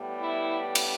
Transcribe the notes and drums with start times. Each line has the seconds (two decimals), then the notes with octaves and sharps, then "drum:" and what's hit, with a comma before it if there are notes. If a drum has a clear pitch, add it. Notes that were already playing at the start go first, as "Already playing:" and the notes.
Already playing: A2 G3 B3
0.21 E4
0.75 drum: cymbal